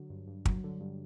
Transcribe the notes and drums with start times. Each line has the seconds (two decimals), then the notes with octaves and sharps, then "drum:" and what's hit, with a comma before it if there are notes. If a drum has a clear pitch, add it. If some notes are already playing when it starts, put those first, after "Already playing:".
Already playing: D3 F#3
0.10 G2
0.27 G2
0.45 F#3, drum: kick
0.64 D3
0.81 G2